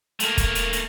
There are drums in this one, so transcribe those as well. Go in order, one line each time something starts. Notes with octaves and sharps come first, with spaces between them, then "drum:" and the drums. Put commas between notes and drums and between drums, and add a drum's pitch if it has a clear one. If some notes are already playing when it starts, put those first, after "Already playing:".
A3 A#3, drum: hi-hat
drum: kick, hi-hat
drum: hi-hat
drum: hi-hat